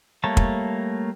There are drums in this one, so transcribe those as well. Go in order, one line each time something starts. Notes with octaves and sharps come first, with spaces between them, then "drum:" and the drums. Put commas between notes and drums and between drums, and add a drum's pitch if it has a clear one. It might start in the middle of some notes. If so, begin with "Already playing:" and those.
G3 A3 A#3 C#5 A5
drum: kick